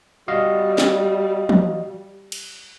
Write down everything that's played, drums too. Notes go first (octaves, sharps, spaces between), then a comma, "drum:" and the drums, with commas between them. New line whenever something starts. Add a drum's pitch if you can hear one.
G3 F#4 D#5 F5
drum: snare
drum: tom E3
drum: cymbal